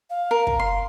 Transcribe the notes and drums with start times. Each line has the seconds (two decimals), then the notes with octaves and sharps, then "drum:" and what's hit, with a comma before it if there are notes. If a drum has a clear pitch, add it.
0.10 F5
0.31 A#4
0.47 drum: kick
0.59 C6